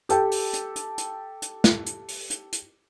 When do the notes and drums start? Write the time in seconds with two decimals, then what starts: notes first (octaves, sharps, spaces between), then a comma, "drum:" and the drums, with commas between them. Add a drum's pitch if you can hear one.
0.09 G4 A4 G5, drum: hi-hat
0.31 drum: open hi-hat
0.53 drum: hi-hat
0.76 drum: hi-hat
0.98 drum: hi-hat
1.42 drum: hi-hat
1.64 drum: snare
1.86 drum: hi-hat
2.08 drum: open hi-hat
2.30 drum: hi-hat
2.52 drum: hi-hat